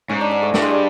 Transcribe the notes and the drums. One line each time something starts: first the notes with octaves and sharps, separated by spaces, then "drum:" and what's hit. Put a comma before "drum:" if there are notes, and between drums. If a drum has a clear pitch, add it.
G#2 C#4
D4
D4
A3
G2 A3, drum: snare
G#3
G3